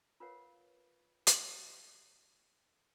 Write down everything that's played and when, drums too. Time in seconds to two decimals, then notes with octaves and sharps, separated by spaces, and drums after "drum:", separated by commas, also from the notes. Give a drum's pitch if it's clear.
0.20 F4 A#4 B4 C#5 F5 F#5
1.27 drum: hi-hat